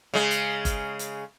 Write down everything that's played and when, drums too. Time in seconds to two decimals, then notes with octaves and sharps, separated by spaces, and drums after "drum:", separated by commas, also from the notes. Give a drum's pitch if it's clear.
0.14 C#3 G#3
0.31 drum: hi-hat
0.65 drum: kick G1, hi-hat
0.99 drum: hi-hat